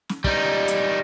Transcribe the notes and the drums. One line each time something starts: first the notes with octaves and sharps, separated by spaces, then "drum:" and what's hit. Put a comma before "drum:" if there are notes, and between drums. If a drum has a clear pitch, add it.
drum: snare
G3 D#4, drum: kick
drum: hi-hat